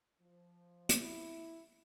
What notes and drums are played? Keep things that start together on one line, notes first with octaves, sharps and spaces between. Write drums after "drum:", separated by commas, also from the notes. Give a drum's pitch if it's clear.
F3
drum: hi-hat
E4